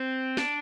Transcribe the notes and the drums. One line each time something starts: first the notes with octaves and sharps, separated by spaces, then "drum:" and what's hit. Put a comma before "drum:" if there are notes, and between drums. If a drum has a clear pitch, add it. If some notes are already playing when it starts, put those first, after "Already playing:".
Already playing: C4
D4, drum: snare